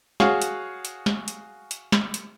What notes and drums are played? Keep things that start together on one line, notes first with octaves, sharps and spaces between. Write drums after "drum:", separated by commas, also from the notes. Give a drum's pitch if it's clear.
F#4 G#4 C#5 F5 F#5, drum: snare
drum: hi-hat
drum: hi-hat
drum: snare
drum: hi-hat
drum: hi-hat
drum: snare
drum: hi-hat